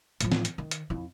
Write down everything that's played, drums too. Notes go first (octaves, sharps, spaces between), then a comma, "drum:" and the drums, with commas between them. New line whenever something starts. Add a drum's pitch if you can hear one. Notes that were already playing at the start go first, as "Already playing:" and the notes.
A2 F3, drum: hi-hat
drum: snare
drum: hi-hat
D#3
drum: hi-hat
F2 E4